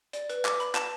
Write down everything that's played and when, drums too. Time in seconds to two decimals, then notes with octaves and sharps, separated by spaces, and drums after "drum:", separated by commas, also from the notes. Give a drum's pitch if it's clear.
0.13 D5, drum: hi-hat
0.29 B4, drum: hi-hat
0.45 D6, drum: clap
0.60 B5, drum: hi-hat
0.75 A5, drum: clap